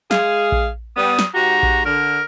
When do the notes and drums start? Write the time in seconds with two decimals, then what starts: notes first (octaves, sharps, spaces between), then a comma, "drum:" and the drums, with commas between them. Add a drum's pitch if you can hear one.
0.11 G#3 G#4 F5, drum: snare
0.52 drum: kick A#1
0.96 G3 B3 D#6
1.19 drum: snare
1.35 G#2 F#4 G4 A#5
1.63 drum: kick A#1
1.85 D3 A#4